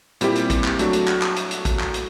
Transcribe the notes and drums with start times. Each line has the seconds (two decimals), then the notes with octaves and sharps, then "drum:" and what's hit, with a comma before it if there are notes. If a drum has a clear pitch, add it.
0.21 A#2 G3 C4 E4 G4, drum: hi-hat
0.35 drum: hi-hat
0.50 drum: kick, hi-hat
0.64 drum: clap
0.79 F#3 A3 D4 F#4, drum: hi-hat
0.93 drum: hi-hat
1.08 drum: clap
1.22 drum: clap
1.36 drum: hi-hat
1.51 drum: hi-hat
1.65 drum: kick, hi-hat
1.80 drum: clap
1.94 drum: hi-hat